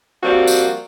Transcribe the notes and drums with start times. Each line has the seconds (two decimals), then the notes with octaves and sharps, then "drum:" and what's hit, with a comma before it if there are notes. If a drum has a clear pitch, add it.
0.23 F3 G3 A#3 C4 F#4
0.47 drum: tambourine